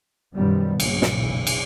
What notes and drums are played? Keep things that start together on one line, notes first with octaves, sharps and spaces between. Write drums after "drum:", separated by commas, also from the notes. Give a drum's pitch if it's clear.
F#2 B2 D#3 F3 G3 B3
A#1 G2 A#2 C#3 F#3, drum: cymbal
drum: snare
F#1 B1 E3
drum: cymbal